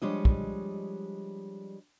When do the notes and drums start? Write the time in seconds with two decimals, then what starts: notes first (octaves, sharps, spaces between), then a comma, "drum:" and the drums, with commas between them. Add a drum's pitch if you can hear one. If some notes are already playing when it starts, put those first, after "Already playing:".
0.02 F3 G3 G#3 D4 C#5 D#5
0.25 drum: kick